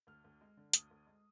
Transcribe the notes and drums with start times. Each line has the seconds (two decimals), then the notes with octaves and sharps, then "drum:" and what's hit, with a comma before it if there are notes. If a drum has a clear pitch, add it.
0.07 D2 F6
0.24 D2
0.41 G#3
0.57 D3
0.74 D2 D#6, drum: hi-hat
0.91 D2
1.07 G#3